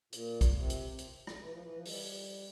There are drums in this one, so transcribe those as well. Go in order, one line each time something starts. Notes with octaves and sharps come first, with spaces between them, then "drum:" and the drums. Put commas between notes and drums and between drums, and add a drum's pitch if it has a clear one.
A#2, drum: hi-hat
drum: kick, hi-hat
C3
drum: hi-hat
drum: hi-hat
drum: rim click
E3
F3
E3
F3
G3, drum: open hi-hat